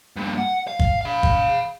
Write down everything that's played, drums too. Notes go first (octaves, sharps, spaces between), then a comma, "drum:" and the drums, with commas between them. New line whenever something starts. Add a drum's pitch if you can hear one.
G2 A#2
F#5
F5
drum: kick G1
F5 B5
drum: kick G1